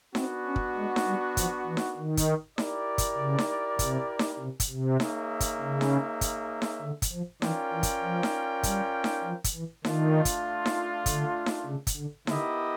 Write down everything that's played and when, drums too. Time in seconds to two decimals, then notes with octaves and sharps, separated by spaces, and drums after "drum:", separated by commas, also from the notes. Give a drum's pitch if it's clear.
0.15 B3 C4 D4 F#4, drum: snare D#4
0.46 C#4
0.56 drum: kick
0.77 G#3
0.96 drum: snare D#4
1.06 G3
1.37 F3, drum: kick, hi-hat
1.66 E3
1.77 drum: snare D#4
1.98 D#3
2.17 drum: kick, hi-hat
2.58 E4 G4 A#4 D5, drum: snare D#4
2.98 drum: kick, hi-hat
3.18 C#3
3.38 drum: snare D#4
3.79 C3, drum: kick, hi-hat
4.19 drum: snare D#4
4.39 C3
4.60 drum: kick, hi-hat
4.70 C3
5.00 A#3 D#4 G#4 C#5 E5, drum: snare D#4
5.40 drum: kick, hi-hat
5.61 C#3
5.81 drum: snare D#4
6.21 drum: kick, hi-hat
6.62 drum: snare D#4
6.82 D3
7.02 drum: kick, hi-hat
7.13 F3
7.42 E3 C#4 F4 A#4 D5 G5, drum: snare D#4
7.73 E3
7.83 drum: kick, hi-hat
8.03 F3
8.23 drum: snare D#4
8.63 G3, drum: kick, hi-hat
9.04 drum: snare D#4
9.24 F3
9.44 drum: kick, hi-hat
9.55 E3
9.85 D#3 A3 D4 F4, drum: snare D#4
10.25 drum: kick, hi-hat
10.66 drum: snare D#4
11.06 D3, drum: kick, hi-hat
11.46 drum: snare D#4
11.66 C#3
11.87 drum: kick, hi-hat
11.97 D3
12.27 D3 B3 E4 G4 A#4 D#5, drum: snare D#4